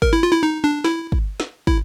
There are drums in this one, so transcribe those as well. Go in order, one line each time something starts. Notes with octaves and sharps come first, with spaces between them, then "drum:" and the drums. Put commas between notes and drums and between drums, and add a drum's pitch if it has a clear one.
A#4, drum: kick
E4
F4
E4
D#4
D4
E4, drum: snare
drum: kick
drum: snare
E4, drum: kick